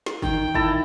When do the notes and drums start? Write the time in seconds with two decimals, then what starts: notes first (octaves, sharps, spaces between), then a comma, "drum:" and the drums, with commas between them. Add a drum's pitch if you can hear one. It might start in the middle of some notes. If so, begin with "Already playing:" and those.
0.06 drum: snare
0.22 D#3 G5, drum: kick
0.54 D#3 E4 A5 A#5, drum: kick